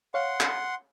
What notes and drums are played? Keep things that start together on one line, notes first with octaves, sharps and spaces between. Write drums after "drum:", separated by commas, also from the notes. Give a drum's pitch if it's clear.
C#5 F5 F#5 C6
drum: clap